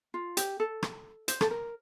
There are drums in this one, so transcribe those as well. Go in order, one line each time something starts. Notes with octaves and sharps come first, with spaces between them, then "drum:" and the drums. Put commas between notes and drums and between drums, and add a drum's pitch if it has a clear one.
F4
G4, drum: hi-hat
A4
drum: rim click
C5, drum: hi-hat
A4, drum: rim click
A#4